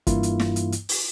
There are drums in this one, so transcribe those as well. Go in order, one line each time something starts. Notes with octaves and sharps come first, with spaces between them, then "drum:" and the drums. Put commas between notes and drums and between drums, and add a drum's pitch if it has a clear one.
G2 E3 A#3 E4 F4, drum: kick, hi-hat
drum: hi-hat
drum: snare
drum: hi-hat
drum: hi-hat
drum: open hi-hat